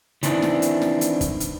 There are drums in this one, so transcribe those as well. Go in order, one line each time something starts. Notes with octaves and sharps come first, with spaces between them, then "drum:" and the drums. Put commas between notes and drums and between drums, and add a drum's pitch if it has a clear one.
D#3 E3 C4 D4 E4, drum: hi-hat
drum: snare
drum: hi-hat
drum: snare
drum: hi-hat
drum: kick, hi-hat
drum: hi-hat